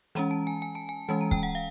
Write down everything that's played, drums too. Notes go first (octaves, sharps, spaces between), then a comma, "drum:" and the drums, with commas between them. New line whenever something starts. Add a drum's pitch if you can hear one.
E3 G#3 C#4 A#5, drum: hi-hat
A5
G#5
G#5
A5
G#5
E3 G#3 C#4 A5
A#5
G5, drum: kick
F#5
F5